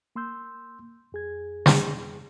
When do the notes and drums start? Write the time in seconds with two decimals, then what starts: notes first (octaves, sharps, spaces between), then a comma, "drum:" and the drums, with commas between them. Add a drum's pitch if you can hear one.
0.16 A#3 C6 E6 G6
1.12 F2 G#4 G#6
1.66 drum: snare